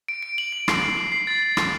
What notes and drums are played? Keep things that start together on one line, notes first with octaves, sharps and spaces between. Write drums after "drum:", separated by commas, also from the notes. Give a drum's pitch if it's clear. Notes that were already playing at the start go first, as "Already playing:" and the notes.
D7
D7
F#7
D7
C7, drum: rim click
C7
F#7
C7
A6
drum: rim click